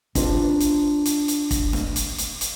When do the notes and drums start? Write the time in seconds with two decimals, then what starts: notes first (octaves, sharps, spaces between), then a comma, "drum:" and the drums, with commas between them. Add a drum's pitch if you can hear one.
0.15 D4 F4 C5 D5, drum: kick, hi-hat
0.60 drum: hi-hat
1.06 drum: hi-hat
1.28 drum: hi-hat
1.51 drum: kick, hi-hat
1.73 drum: snare E1
1.96 drum: hi-hat
2.18 drum: hi-hat
2.41 drum: hi-hat